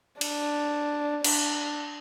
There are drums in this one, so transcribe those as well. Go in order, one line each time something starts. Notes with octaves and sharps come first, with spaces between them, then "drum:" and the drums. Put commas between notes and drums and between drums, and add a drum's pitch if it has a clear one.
D4, drum: cymbal
D4, drum: cymbal